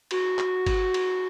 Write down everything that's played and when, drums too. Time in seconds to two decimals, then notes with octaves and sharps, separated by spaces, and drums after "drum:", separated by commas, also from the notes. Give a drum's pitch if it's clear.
0.11 F#4, drum: cymbal
0.39 drum: clap
0.66 drum: kick G1, cymbal
0.94 drum: cymbal